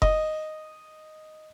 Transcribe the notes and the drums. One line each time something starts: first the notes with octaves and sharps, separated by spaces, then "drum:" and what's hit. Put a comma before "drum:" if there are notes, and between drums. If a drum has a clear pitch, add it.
D#5, drum: kick F1